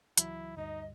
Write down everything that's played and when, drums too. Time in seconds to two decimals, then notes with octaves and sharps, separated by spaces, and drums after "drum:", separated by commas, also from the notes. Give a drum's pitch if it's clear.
0.18 C#2 E3 F#3 E4, drum: hi-hat
0.57 D2 G2 G3 D#4 D#5